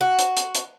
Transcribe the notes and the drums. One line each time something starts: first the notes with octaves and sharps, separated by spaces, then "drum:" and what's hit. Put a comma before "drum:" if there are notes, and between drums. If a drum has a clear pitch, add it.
F#4
drum: hi-hat
drum: hi-hat
drum: hi-hat